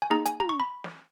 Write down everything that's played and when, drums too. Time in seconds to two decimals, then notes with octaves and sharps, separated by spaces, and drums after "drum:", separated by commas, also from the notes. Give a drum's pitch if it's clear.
0.02 G#5
0.10 A#3 D#4 G#4 A#5
0.26 G#5, drum: hi-hat
0.40 A#5, drum: tom
0.49 C#6
0.60 B5
0.84 drum: snare